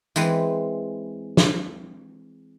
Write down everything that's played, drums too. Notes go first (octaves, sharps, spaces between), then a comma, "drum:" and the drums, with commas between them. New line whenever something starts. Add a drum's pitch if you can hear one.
E3 G#3 C4 B4, drum: tambourine
drum: snare